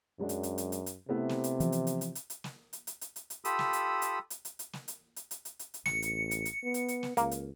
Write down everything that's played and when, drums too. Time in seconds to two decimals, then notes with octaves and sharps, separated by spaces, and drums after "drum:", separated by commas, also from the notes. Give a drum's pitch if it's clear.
0.19 F#2 F#3 G#3 D4
0.29 drum: hi-hat
0.43 drum: hi-hat
0.58 drum: hi-hat
0.72 drum: hi-hat
0.86 drum: hi-hat
1.09 C3 A3 B3 E4
1.29 drum: snare
1.44 drum: hi-hat
1.60 E3 F3, drum: hi-hat
1.72 drum: hi-hat
1.87 drum: hi-hat
2.01 drum: hi-hat
2.15 drum: hi-hat
2.30 drum: hi-hat
2.44 drum: snare
2.73 drum: hi-hat
2.87 drum: hi-hat
3.01 drum: hi-hat
3.16 drum: hi-hat
3.30 drum: hi-hat
3.45 F4 G4 A4 B5 D#6 E6, drum: hi-hat
3.59 drum: snare
3.73 drum: hi-hat
4.02 drum: hi-hat
4.30 drum: hi-hat
4.45 drum: hi-hat
4.59 drum: hi-hat
4.73 drum: snare
4.88 drum: hi-hat
5.16 drum: hi-hat
5.31 drum: hi-hat
5.45 drum: hi-hat
5.59 drum: hi-hat
5.74 drum: hi-hat
5.86 A1 C#7, drum: snare
6.02 drum: hi-hat
6.31 drum: hi-hat
6.45 drum: hi-hat
6.63 B3
6.74 drum: hi-hat
6.88 drum: hi-hat
7.03 drum: snare
7.17 C#2 A#3, drum: hi-hat
7.31 drum: hi-hat